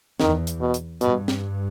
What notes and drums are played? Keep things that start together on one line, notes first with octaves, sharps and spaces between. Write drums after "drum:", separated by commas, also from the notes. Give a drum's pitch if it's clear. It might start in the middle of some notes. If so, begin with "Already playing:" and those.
E2 D#3, drum: snare
drum: hi-hat
B2
drum: hi-hat
G2 B2, drum: hi-hat
drum: snare